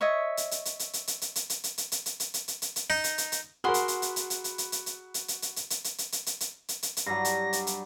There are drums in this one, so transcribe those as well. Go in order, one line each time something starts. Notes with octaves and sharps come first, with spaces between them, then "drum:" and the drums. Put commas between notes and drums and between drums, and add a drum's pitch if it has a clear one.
C#5 D#5 E5 C#6
drum: hi-hat
drum: hi-hat
drum: hi-hat
drum: hi-hat
drum: hi-hat
drum: hi-hat
drum: hi-hat
drum: hi-hat
drum: hi-hat
drum: hi-hat
drum: hi-hat
drum: hi-hat
drum: hi-hat
drum: hi-hat
drum: hi-hat
drum: hi-hat
drum: hi-hat
drum: hi-hat
D#4
drum: hi-hat
drum: hi-hat
drum: hi-hat
F#4 G#4 A#4 F#5 B5 C6 G7
drum: hi-hat
drum: hi-hat
drum: hi-hat
drum: hi-hat
drum: hi-hat
drum: hi-hat
drum: hi-hat
drum: hi-hat
drum: hi-hat
drum: hi-hat
drum: hi-hat
drum: hi-hat
drum: hi-hat
drum: hi-hat
drum: hi-hat
drum: hi-hat
drum: hi-hat
drum: hi-hat
drum: hi-hat
drum: hi-hat
drum: hi-hat
drum: hi-hat
G2 F#3 A#6
drum: hi-hat
drum: hi-hat
drum: hi-hat